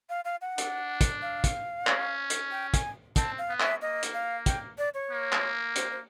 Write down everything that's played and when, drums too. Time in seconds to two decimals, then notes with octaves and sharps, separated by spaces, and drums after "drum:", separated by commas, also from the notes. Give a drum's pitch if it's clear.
0.10 F5
0.25 F5
0.42 F#5
0.58 D4, drum: hi-hat
1.01 drum: kick, hi-hat
1.22 F5
1.44 drum: kick, hi-hat
1.87 C#4, drum: clap
2.30 drum: hi-hat
2.51 G5
2.74 G#5, drum: kick, hi-hat
3.16 C4 A5, drum: kick, hi-hat
3.38 F5
3.49 B3
3.60 E5, drum: clap
3.82 A#3 D#5
4.03 drum: hi-hat
4.14 F5
4.46 G5, drum: kick, hi-hat
4.78 D5
4.94 C#5
5.11 A#3
5.32 drum: clap
5.76 C5, drum: hi-hat
5.91 C5